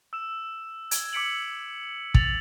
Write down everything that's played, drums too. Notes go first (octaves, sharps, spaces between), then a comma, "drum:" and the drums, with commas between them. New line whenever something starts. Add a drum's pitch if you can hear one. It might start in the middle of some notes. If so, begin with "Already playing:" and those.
E6 E7
G#6, drum: hi-hat
D6 E6 B6 C#7 D7 F#7
A6 F7 F#7, drum: kick